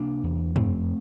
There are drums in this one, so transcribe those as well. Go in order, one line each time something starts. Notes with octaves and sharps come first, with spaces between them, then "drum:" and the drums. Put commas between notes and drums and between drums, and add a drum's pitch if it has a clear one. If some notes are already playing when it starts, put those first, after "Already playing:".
Already playing: C3 A#3 D4
E2
F2 A3 C4, drum: tom